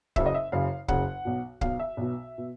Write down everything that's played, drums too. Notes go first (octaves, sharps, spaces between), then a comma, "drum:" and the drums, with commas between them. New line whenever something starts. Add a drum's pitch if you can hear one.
F#1 F#2 C#3 E5, drum: kick C#1
D#5
E5
F#1 F#2 C#3 F5
F#1 F#2 C#3 F#5, drum: kick C#1
B1 B2
B1 B2 F5, drum: kick C#1
E5
B1 B2
B2